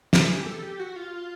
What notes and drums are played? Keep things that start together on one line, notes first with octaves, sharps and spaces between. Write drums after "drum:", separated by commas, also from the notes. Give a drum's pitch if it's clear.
A4, drum: snare
G#4
G4
A4
G4
F#4
F4